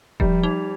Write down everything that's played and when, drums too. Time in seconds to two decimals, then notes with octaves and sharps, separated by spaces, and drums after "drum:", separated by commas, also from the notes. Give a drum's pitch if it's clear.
0.20 F3 G3, drum: kick D#1
0.43 D#4